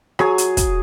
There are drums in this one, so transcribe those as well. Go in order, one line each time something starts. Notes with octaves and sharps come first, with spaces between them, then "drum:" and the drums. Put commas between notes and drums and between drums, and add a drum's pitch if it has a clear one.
F#3 G#4, drum: rim click
drum: hi-hat
drum: kick, hi-hat